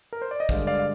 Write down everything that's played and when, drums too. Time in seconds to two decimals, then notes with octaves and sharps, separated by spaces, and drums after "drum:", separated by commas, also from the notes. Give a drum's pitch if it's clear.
0.13 A#4
0.22 C5
0.31 D5
0.40 D#5
0.49 G2 D3 G#3 D5 F5, drum: kick, hi-hat
0.67 D5 F5
0.79 F5